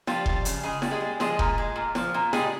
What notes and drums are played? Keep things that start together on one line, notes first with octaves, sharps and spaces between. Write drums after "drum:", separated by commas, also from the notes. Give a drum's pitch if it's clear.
F3 G3 F4, drum: snare
G3, drum: kick F1
C#3, drum: hi-hat
C#3 G#3 G#4
G3, drum: snare
G#3 G#4
G3
F3 G#3 G#4, drum: snare
A#2, drum: kick F1
G#3
A#2
F3, drum: snare
A#2
G3 G#3 G#4, drum: snare